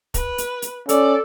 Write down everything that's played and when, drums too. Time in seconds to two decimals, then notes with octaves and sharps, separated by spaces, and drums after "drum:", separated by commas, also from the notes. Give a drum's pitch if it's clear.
0.14 B4, drum: kick, hi-hat
0.38 drum: hi-hat
0.62 drum: hi-hat
0.89 C#4 A4 D5, drum: hi-hat